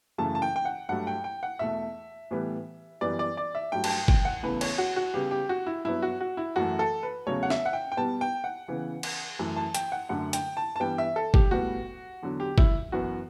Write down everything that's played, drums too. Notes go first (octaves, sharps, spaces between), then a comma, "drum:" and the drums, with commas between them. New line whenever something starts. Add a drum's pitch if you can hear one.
F#2 C#3 E3 A3 A5
A5
G5
G5
F#5
G2 F#3 A3 F#5
G5
G5
F#5
E2 B2 A3 E5
A2 E3 G3 B3
F#2 E3 G3 B3 D5
D5
D5
E5
G2 F#3 A3 G5
A5, drum: cymbal
G5
G5, drum: kick G1
F#5
E2 C#3 E3 A3 B4
C#5, drum: cymbal
F#4
F#4
C#3 G3 B3 G4
G4
F#4
E4
G2 F#3 B3 E4
F#4
F#4
E4
F#2 E3 A3 F#4
A4
B4
E2 C#3 F#3 A3 C#5
F#5
E5, drum: snare C#4
F#5
G5
G5
B2 G3 B3 A5
G5
F#5
C#3 E3 B3
drum: cymbal
F#2 E3 A3
A5
G5, drum: hi-hat
F#5
F#2 D3 A3 F#5
G5, drum: hi-hat
A5
A5
G2 E3 G3 B3 G5
E5
A4
G4, drum: kick G1
A2 G3 B3 F#4
E2 D3 F#3
G4
E4, drum: kick G1
F#2 E3 B3 F#4